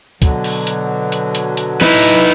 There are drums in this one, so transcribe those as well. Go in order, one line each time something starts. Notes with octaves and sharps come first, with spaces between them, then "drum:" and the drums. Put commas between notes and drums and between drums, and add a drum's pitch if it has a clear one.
B2 D3 F#3, drum: kick, hi-hat
drum: open hi-hat
drum: hi-hat
drum: hi-hat
drum: hi-hat
drum: hi-hat
D#4 E4 B4, drum: snare
drum: hi-hat